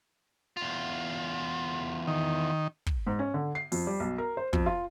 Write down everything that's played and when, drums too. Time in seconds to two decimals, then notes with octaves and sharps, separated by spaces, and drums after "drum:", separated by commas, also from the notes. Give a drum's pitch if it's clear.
0.57 E2 F4
2.07 D#3
2.86 drum: kick
3.07 G#2
3.19 C#4
3.34 D3
3.55 C7
3.72 F2, drum: open hi-hat
3.87 G3
4.00 B1
4.18 A#4
4.37 C5
4.53 F2, drum: kick
4.66 F4